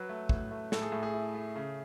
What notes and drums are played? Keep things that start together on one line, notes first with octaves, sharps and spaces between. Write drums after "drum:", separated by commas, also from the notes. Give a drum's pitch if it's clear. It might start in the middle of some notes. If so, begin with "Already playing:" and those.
Already playing: F#3 B4
A3
A2, drum: kick
A3
A2 A4, drum: snare
G#4
A2
G#4
E4
A3
C#3